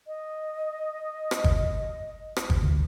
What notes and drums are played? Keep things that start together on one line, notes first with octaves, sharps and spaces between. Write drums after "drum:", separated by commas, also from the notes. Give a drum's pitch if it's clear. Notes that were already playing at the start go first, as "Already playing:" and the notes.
D#5
drum: rim click
drum: kick
drum: rim click
drum: kick
D2